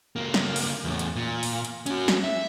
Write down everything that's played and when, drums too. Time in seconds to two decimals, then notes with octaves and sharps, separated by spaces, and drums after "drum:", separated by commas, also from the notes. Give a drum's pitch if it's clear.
0.16 C#2 A#3
0.34 drum: snare
0.56 drum: open hi-hat
0.84 E2 A2
0.99 drum: hi-hat
1.16 A#2
1.43 drum: open hi-hat
1.65 drum: hi-hat
1.86 C#4 F#4, drum: hi-hat
2.08 drum: snare
2.24 E5